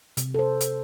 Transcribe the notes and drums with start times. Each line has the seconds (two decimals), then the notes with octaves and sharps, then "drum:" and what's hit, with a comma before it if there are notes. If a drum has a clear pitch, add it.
0.17 C3, drum: hi-hat
0.34 A4 C5
0.61 drum: hi-hat